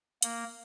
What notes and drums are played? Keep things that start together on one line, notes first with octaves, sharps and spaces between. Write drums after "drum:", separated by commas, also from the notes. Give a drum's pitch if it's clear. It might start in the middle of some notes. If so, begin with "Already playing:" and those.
A#3, drum: hi-hat